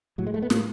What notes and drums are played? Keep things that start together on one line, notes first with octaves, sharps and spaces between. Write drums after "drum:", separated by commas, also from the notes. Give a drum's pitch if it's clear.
A2 F#3
G#3
A3
B3
A2 A#3, drum: snare